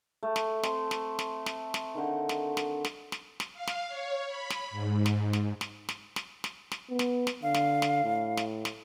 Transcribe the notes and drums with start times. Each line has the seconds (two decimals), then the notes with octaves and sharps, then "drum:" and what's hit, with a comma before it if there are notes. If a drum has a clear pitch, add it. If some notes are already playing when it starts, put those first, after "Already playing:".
0.23 A3
0.36 drum: snare
0.63 C4 A5 C6, drum: snare
0.91 drum: snare
1.19 drum: snare
1.46 drum: snare
1.74 drum: snare
1.95 D3 D#3
2.29 drum: snare
2.57 drum: snare
2.85 drum: snare
3.12 drum: snare
3.40 drum: snare
3.54 F5
3.67 drum: snare
3.88 C#5
4.27 B5
4.50 drum: snare
4.70 G#2
5.06 drum: snare
5.33 drum: snare
5.61 drum: snare
5.89 drum: snare
6.16 drum: snare
6.44 drum: snare
6.71 drum: snare
6.90 B3
6.99 drum: snare
7.27 drum: snare
7.43 D3 F5
7.54 drum: snare
7.82 drum: snare
8.04 A2
8.37 drum: snare
8.65 drum: snare